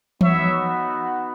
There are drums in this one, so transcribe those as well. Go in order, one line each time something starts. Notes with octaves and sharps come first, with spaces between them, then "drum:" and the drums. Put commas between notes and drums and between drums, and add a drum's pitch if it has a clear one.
B3 D#4 F#4 C#5 E5, drum: tom E3